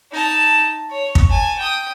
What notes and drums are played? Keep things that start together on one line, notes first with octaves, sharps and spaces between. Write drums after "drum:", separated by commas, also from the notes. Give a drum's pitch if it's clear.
D#4 A5
C#5
drum: kick
G#5 A5
G5 D#6